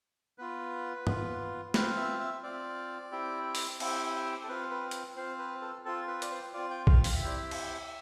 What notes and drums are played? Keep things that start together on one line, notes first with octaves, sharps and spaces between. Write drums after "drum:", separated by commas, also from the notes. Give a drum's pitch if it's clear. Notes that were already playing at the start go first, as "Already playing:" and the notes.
B3 F4 B4
B3 F4, drum: tom G2
C4 F4 B4, drum: snare
E5
E5
C4 F4 D5
C4 E4 G4
drum: open hi-hat
C4 E4 G4, drum: cymbal
A4
C4 F4 B4
B4
drum: hi-hat
C4 F4 C5
B4
A4
C4 F4 A4
B4
D5, drum: hi-hat
C5
C4 F4 D5
G5
F5, drum: kick B1
F5, drum: open hi-hat
E5
C4 E4 G4 D5
E5
drum: cymbal